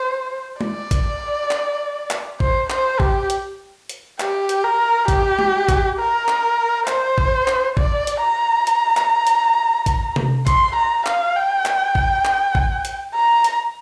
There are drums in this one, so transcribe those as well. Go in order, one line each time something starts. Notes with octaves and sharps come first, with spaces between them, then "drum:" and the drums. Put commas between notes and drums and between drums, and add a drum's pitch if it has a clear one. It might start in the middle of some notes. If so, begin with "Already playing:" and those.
Already playing: C5
D5, drum: tom G#3
drum: kick A1, hi-hat
drum: clap
drum: clap
C5, drum: kick A1
C5, drum: clap
G4, drum: kick A1
drum: hi-hat
drum: hi-hat
G4, drum: clap
drum: hi-hat
A#4
G4, drum: kick A1, hi-hat
drum: tom G#3
drum: kick A1, hi-hat
A#4
drum: clap
C5, drum: clap
drum: kick A1
drum: clap
D5, drum: kick A1
drum: hi-hat
A#5
drum: hi-hat
drum: clap
drum: hi-hat
drum: kick A1, hi-hat
drum: tom C3
C6, drum: kick A1, hi-hat
A#5
F5, drum: clap
G5
drum: clap
drum: kick A1
drum: clap
drum: kick A1
drum: hi-hat
A#5
drum: hi-hat